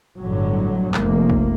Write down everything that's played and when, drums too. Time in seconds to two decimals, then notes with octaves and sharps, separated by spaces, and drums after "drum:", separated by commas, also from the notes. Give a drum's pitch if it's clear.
0.20 G1 A2 D3 F#3
0.94 F1 A#3, drum: clap
1.30 drum: kick